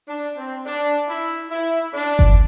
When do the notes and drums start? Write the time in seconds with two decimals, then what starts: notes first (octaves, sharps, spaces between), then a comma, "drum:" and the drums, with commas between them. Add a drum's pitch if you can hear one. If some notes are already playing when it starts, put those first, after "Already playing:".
0.08 D4
0.37 C4
0.65 D4
1.08 E4
1.50 E4
1.94 D4
2.19 drum: kick G1